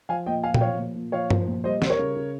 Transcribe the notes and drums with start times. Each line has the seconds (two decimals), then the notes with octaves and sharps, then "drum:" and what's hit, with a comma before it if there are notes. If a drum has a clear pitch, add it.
0.09 F3 F5 G#5
0.26 A#2 D#5 G5
0.43 F3 F5 G#5
0.54 G5, drum: tom A#2
0.61 F3 C#5 F5
0.78 A#2
0.96 A#2
1.12 F3 C#5 F5
1.30 F3, drum: tom G2
1.47 A#2
1.64 G3 C5 D#5
1.82 G3 C5, drum: snare
1.90 A#4 C#5
1.99 C#3
2.16 C#3